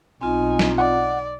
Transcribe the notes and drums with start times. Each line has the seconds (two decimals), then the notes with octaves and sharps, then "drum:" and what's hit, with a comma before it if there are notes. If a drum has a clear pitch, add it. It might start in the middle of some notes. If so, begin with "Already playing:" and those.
0.21 B1 C4 D#4 F4 G#5
0.59 drum: snare
0.78 D5 F#5